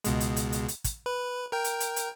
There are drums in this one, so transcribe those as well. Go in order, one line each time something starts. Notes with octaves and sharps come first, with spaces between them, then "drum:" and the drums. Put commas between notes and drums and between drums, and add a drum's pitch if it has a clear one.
C#2 B2 G#3, drum: hi-hat
drum: hi-hat
drum: hi-hat
drum: hi-hat
drum: hi-hat
drum: kick, hi-hat
B4
A#4 G5
drum: hi-hat
drum: hi-hat
drum: hi-hat